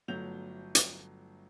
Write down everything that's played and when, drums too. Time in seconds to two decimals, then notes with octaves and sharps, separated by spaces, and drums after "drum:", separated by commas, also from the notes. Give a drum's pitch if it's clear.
0.08 G1 F#3 A3 G6 F7
0.75 drum: hi-hat